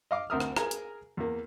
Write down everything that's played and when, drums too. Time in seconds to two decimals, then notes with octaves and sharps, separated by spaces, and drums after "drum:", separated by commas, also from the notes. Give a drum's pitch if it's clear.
0.11 D#5 F5 D6
0.30 D2 C4 A#4 E5 D#6 F6
0.40 drum: rim click
0.57 G#4 A#4 G#5 A#5, drum: rim click
0.71 drum: hi-hat
1.17 E2 A#3